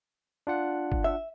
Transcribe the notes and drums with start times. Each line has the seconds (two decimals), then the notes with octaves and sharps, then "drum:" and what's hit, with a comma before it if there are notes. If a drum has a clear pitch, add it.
0.47 D4 F4 F#5
0.92 drum: kick G1
1.04 E5